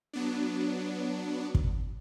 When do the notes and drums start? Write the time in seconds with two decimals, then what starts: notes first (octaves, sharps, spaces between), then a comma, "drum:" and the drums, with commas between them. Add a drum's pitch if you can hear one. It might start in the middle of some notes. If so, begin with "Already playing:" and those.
0.13 F#3 B3 D4
1.55 drum: kick